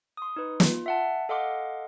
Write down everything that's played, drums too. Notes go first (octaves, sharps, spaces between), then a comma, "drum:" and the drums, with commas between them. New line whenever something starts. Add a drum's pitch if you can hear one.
C6 D#6
D#4 B4
F4, drum: snare
E5 F#5 A5
A4 D#5 F5 F#5 C6 D6